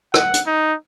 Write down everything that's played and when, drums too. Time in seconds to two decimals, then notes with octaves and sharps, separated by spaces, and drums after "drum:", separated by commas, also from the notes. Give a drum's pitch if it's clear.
0.14 F#5, drum: rim click
0.34 drum: hi-hat
0.47 D#4